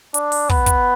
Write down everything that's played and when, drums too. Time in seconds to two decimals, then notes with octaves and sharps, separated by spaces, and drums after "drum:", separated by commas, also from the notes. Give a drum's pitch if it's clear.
0.14 D4, drum: hi-hat
0.32 drum: open hi-hat
0.49 B3, drum: kick
0.66 drum: kick, hi-hat